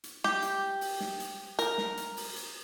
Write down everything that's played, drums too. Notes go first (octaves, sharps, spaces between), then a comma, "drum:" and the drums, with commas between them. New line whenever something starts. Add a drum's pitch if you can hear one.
drum: hi-hat
G4, drum: snare
drum: hi-hat
drum: open hi-hat
drum: snare
drum: hi-hat
A#4, drum: hi-hat
drum: snare
drum: hi-hat
drum: open hi-hat
drum: hi-hat